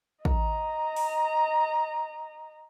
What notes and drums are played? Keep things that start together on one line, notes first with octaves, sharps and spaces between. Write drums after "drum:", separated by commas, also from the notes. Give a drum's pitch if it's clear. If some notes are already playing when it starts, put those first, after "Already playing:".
D#5 A#5, drum: kick
drum: open hi-hat